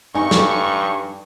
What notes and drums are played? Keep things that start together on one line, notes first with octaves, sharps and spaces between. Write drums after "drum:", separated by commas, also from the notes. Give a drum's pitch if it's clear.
G2 D#4 G#5 C#6
drum: snare